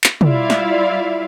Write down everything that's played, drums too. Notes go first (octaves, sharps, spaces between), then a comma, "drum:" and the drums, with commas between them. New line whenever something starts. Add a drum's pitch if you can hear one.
drum: clap
G3 E4 F4 D5 E5 F5, drum: tom
drum: snare